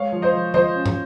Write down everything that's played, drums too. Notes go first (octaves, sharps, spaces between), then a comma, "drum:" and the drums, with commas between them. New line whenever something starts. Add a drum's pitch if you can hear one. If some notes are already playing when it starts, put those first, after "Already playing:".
Already playing: G#3 C#5 F5
F3
C5 D#5
F3
F3 C5 D#5, drum: tom D3
C#4
drum: tom